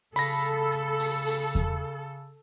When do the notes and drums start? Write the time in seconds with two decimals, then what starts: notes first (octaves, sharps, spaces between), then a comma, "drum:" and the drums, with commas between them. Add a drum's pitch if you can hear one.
0.16 C#3 A4 B5 A#6, drum: open hi-hat
0.72 drum: hi-hat
0.99 drum: open hi-hat
1.27 drum: open hi-hat
1.55 drum: kick E2, hi-hat